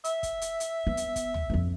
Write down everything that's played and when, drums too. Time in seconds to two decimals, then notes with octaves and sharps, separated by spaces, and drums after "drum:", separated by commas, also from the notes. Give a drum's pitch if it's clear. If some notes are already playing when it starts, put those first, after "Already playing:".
0.04 E5, drum: hi-hat
0.23 drum: kick, hi-hat
0.42 drum: hi-hat
0.60 drum: hi-hat
0.87 B3
0.97 drum: hi-hat
1.16 drum: kick, hi-hat
1.34 drum: tom
1.50 D1 F2